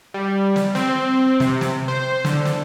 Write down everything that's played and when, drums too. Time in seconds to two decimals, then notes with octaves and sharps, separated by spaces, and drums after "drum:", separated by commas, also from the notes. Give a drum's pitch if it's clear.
0.14 G3
0.56 drum: snare
0.75 C4, drum: snare
1.40 C3, drum: snare
1.61 drum: snare
1.88 C5
2.25 D3, drum: snare
2.45 drum: snare